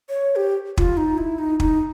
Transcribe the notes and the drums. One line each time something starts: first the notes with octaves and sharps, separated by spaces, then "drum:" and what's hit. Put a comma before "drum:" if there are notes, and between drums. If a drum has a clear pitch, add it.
C#5
G4
F4, drum: kick
D#4
E4
D#4
D#4, drum: kick